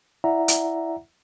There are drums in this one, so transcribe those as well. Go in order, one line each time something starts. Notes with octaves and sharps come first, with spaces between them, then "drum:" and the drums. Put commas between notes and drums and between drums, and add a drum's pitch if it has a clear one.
E4 D5 E5 F#5 A#5
drum: hi-hat